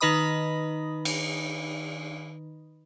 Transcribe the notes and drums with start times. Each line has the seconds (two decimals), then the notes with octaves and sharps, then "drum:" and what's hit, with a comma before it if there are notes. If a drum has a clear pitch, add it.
0.01 D#3 D#4 B4 D#5 B5 D#6
1.05 drum: cymbal